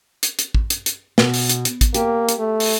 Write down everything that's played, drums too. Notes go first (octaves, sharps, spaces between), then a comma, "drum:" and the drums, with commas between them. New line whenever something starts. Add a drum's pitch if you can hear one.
drum: hi-hat
drum: hi-hat
drum: kick
drum: hi-hat
drum: hi-hat
B2, drum: snare
drum: open hi-hat
drum: hi-hat
drum: hi-hat
drum: kick, hi-hat
A#3 G4, drum: hi-hat
drum: hi-hat
A3
drum: open hi-hat